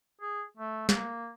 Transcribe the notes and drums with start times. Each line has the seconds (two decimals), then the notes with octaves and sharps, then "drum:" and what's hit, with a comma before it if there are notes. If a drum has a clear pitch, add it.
0.21 G#4
0.57 A3
0.89 A#3, drum: snare